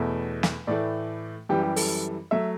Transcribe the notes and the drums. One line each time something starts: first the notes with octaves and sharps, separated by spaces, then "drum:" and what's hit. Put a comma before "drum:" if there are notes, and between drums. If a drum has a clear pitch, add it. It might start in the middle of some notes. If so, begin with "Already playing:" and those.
Already playing: E2 B2 A3 E5
drum: snare
A2 E3 A3 D5
F#2 E3 G3 G4
G4
A4, drum: open hi-hat
F#3 A3 E5